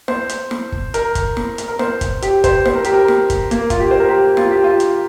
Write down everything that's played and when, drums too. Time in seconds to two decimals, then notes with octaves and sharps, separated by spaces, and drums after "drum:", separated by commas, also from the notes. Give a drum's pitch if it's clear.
0.08 C5, drum: snare
0.29 drum: hi-hat
0.51 drum: snare
0.72 drum: kick
0.94 A#4, drum: hi-hat
1.15 drum: kick, hi-hat
1.37 drum: snare
1.58 drum: hi-hat
1.68 A#4
1.79 C5, drum: snare
2.01 drum: kick, hi-hat
2.22 G4, drum: hi-hat
2.44 C5, drum: kick, hi-hat
2.65 C5, drum: snare
2.75 A#4
2.84 G4, drum: hi-hat
2.94 A#4
3.08 drum: snare
3.30 drum: kick, hi-hat
3.51 A#3, drum: hi-hat
3.70 F4, drum: kick, hi-hat
3.80 G4
3.91 C5
4.00 A#4
4.09 G4
4.37 F4, drum: snare
4.51 G4
4.64 F4
4.80 drum: hi-hat